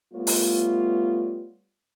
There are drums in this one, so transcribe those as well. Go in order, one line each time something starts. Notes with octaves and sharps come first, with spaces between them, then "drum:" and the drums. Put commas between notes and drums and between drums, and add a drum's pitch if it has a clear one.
G3 A3 B3 F4 C#5
drum: open hi-hat